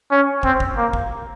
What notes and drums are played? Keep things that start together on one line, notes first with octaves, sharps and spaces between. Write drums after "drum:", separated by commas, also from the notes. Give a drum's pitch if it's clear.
C#4
C4, drum: kick
drum: kick
A#3
drum: kick